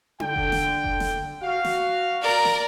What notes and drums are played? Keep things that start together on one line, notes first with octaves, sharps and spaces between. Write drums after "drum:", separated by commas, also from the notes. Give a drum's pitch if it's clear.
D3 G5, drum: tom D4
drum: kick F1
drum: snare
drum: kick F1
drum: snare
F#4 F5
drum: snare
A#4 D5
drum: snare